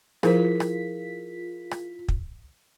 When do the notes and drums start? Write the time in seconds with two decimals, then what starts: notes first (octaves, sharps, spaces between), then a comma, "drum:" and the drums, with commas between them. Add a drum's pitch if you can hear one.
0.23 F3 E4 F4 G#4 A#4 C5 B6, drum: rim click
0.60 drum: rim click
1.71 drum: rim click
2.08 drum: kick